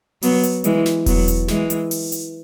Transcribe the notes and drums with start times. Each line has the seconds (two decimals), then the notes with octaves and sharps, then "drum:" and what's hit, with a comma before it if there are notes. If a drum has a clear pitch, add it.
0.22 F#3 B3, drum: open hi-hat
0.43 drum: hi-hat
0.64 E3 G#3, drum: hi-hat
0.86 drum: snare
1.06 F#3 B3, drum: kick E1, open hi-hat
1.28 drum: hi-hat
1.48 E3 G#3, drum: snare
1.70 drum: hi-hat
1.91 drum: open hi-hat
2.12 drum: hi-hat